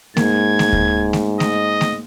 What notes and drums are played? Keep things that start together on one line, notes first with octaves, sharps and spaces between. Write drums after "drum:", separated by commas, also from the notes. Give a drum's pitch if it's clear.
G#2 A#3 G#6, drum: snare A3
drum: snare A3
drum: kick D2
drum: snare A3
D#5, drum: snare A3
drum: snare A3